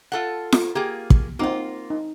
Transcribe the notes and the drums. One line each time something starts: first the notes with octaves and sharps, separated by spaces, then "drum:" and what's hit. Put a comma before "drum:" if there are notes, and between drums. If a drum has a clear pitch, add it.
F4 A4 F#5
drum: snare F4
A#3 F4 G4 G#4
drum: kick
A#3 C4 D#4 F4 F#4
D#4